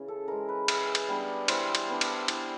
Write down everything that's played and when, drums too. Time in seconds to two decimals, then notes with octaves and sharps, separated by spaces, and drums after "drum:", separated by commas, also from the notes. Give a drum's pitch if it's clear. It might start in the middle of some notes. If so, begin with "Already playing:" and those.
Already playing: C#3 E3
0.08 A4
0.28 E3 G#3 A#4
0.48 B4
0.68 E3, drum: cymbal
0.95 drum: cymbal
1.09 G3 B3 D4
1.48 E3 C5, drum: cymbal
1.75 drum: cymbal
1.88 G3 B3 D4
2.01 drum: cymbal
2.28 E3, drum: cymbal